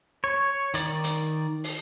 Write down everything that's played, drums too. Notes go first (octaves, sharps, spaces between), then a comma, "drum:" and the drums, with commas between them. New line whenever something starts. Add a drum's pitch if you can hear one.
C#5
D#3 D5, drum: hi-hat
drum: hi-hat
drum: open hi-hat